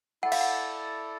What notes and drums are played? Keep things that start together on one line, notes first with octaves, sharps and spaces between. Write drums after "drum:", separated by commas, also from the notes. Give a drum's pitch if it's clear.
E4 A4 D5 F#5
F5, drum: cymbal
F#5